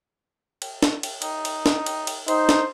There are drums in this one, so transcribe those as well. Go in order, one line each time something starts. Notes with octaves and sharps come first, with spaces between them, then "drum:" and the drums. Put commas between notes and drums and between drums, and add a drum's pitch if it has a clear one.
drum: cymbal
drum: snare D4
drum: cymbal
D#4, drum: cymbal
drum: cymbal
drum: snare D4
drum: cymbal
drum: cymbal
D#4 C5, drum: cymbal
drum: snare D4